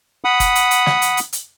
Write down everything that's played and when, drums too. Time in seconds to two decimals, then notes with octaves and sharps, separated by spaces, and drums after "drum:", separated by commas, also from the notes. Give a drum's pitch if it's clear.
0.24 F#5 B5 D#6
0.40 drum: kick F#1, hi-hat
0.55 drum: hi-hat
0.71 drum: hi-hat
0.86 drum: snare
1.02 drum: hi-hat
1.17 drum: hi-hat
1.33 drum: hi-hat